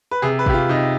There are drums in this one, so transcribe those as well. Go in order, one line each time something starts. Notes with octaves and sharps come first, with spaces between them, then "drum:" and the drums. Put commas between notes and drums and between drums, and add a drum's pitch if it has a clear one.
B4
C3 G#4
B4
C3 G4, drum: kick
F4
C3 D#4